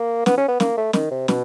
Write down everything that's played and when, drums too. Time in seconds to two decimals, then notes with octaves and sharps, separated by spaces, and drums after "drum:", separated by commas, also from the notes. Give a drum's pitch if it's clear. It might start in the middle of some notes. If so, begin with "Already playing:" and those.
Already playing: A#3
0.26 B3, drum: snare
0.37 C#4
0.48 B3
0.60 A#3, drum: snare
0.77 A3
0.93 D#3, drum: snare
1.11 C3
1.28 B2, drum: snare